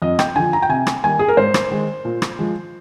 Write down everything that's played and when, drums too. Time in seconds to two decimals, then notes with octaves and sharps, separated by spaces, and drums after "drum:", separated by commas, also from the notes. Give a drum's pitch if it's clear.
0.02 F2 D#5
0.19 G5, drum: rim click
0.35 D3 F3 G#5
0.53 A#5
0.62 G5
0.69 C3 G#5
0.87 drum: rim click
1.03 D#3 G3 A#3 G#5
1.19 G#4
1.28 A#4
1.37 G#2 C5
1.54 drum: rim click
1.71 D#3 G#3
2.05 A#2
2.22 drum: rim click
2.39 F3 G#3